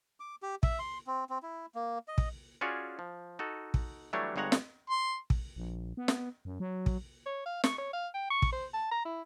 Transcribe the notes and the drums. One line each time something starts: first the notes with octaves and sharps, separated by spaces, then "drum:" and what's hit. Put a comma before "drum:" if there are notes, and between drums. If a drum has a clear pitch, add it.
D6
G4
E5, drum: kick
C6
C4
C4
E4
A#3
D#5
drum: kick
C#4 F4 F#4 G#4 C#5 D5
F3
D#4 F#4 A4
drum: kick
E3 F#3 G3 A3 D4 C#5
G1 G2 G#3 C#5 F#5 A#5
drum: snare
C6
drum: kick
A#1
B3
drum: snare
F#2
F#3
drum: kick
C#5
F5
C#6, drum: snare
C#5
F5
G5
C#6
drum: kick
C5
A5
A#5
E4